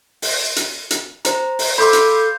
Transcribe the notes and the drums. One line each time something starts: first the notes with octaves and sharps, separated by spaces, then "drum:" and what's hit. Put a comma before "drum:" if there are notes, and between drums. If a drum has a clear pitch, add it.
drum: open hi-hat
drum: hi-hat
drum: hi-hat
C5 A#5, drum: hi-hat
drum: open hi-hat
A4 C5 F5 B5 C6 D6
drum: hi-hat